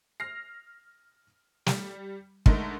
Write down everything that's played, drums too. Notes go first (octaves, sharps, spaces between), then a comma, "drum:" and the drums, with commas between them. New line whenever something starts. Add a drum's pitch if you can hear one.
F6 A#6 C7
G3, drum: snare
D3 G#3 A3 D#4 A#4, drum: kick